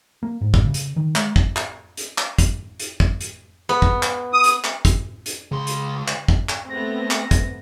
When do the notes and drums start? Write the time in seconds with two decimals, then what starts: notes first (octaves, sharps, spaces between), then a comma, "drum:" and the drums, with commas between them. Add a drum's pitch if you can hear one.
0.23 A#3
0.41 G#2
0.54 drum: kick
0.65 C#3
0.74 drum: hi-hat
0.96 D#3
1.16 G#3, drum: clap
1.36 drum: kick
1.56 drum: clap
1.97 drum: hi-hat
2.18 drum: clap
2.38 drum: kick, hi-hat
2.80 drum: hi-hat
3.00 drum: kick
3.21 drum: hi-hat
3.69 B3
3.82 drum: kick
4.03 drum: clap
4.33 D#6
4.44 drum: hi-hat
4.64 drum: clap
4.85 drum: kick, hi-hat
5.26 drum: hi-hat
5.51 C#2 C#3 C6
5.67 drum: hi-hat
6.08 drum: clap
6.28 drum: kick
6.49 drum: clap
6.70 A3 B3 C4 A#6
7.11 drum: clap
7.31 drum: kick, hi-hat